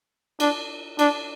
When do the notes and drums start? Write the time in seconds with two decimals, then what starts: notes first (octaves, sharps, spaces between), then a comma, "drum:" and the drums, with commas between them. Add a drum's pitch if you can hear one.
0.40 D4, drum: cymbal
0.99 D4, drum: cymbal